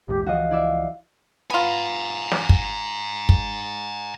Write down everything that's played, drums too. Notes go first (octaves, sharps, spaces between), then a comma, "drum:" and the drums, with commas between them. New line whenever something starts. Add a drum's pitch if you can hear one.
A#1 E2 G#2 G4
C#2 E3 F3 F#4 D#5 F5
E4 D5 E5
B3 F4 G#5 A#5
drum: snare
drum: kick
drum: kick